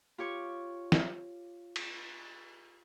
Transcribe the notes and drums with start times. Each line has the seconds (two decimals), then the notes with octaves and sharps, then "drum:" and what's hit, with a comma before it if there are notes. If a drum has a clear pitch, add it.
0.18 F4 G4 C#5 C#6
0.92 drum: snare
1.76 drum: cymbal